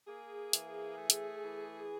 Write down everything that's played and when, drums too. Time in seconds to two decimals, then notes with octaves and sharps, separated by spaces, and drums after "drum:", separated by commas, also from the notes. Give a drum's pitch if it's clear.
0.07 A#3 G#4
0.53 E3, drum: hi-hat
0.98 A3
1.10 drum: hi-hat
1.44 E3